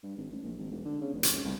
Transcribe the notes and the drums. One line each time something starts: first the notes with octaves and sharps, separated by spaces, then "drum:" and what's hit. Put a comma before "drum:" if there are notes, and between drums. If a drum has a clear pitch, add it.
G2
G#1
A1
A#1
G#1
E1
D3
C#3
F1
drum: hi-hat
C#2
C2